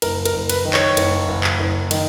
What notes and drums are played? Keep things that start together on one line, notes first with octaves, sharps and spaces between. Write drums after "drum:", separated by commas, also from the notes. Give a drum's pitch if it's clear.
F#1 A#4, drum: cymbal
A#4, drum: cymbal
F#1
B4, drum: cymbal
D#3
C#5, drum: clap
F#1, drum: cymbal
F#1
drum: clap
F#1
D#3, drum: cymbal